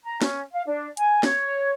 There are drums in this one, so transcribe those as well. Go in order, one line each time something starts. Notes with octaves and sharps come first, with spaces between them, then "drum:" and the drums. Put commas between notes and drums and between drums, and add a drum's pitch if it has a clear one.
A#5
C#4, drum: snare
F5
D4
G#5, drum: hi-hat
C#5, drum: snare